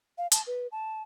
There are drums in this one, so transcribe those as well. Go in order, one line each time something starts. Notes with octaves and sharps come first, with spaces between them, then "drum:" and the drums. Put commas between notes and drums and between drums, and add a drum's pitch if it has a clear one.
F5
A5, drum: hi-hat
B4
A5